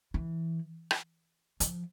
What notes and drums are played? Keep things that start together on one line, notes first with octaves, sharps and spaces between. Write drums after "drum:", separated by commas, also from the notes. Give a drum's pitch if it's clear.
E3
drum: rim click
F3, drum: hi-hat